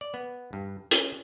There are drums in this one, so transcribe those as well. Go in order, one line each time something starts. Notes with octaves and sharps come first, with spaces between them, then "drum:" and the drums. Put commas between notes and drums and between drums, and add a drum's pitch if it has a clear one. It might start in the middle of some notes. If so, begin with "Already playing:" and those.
D5
B3
G2
C#4, drum: hi-hat